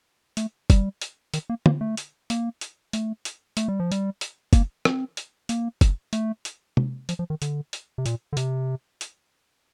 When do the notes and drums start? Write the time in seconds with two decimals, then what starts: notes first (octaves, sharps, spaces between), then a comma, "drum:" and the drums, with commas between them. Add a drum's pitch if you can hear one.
0.37 A3, drum: hi-hat
0.70 G3, drum: kick, hi-hat
1.01 drum: hi-hat
1.34 D#3, drum: hi-hat
1.50 A#3
1.66 A#3, drum: tom
1.81 A3
1.97 drum: hi-hat
2.30 A#3, drum: hi-hat
2.61 drum: hi-hat
2.93 A3, drum: hi-hat
3.25 drum: hi-hat
3.57 A3, drum: hi-hat
3.68 G3
3.80 F3
3.92 G3, drum: hi-hat
4.21 drum: hi-hat
4.53 A#3, drum: kick, hi-hat
4.85 C4, drum: rim click
5.17 drum: hi-hat
5.49 A#3, drum: hi-hat
5.81 drum: kick, hi-hat
6.13 A3, drum: hi-hat
6.45 drum: hi-hat
6.77 drum: tom
7.09 F3, drum: hi-hat
7.19 F3
7.30 D#3
7.42 D3, drum: hi-hat
7.73 drum: hi-hat
7.98 C3
8.06 A#2, drum: hi-hat
8.33 D3
8.37 C3, drum: hi-hat
9.01 drum: hi-hat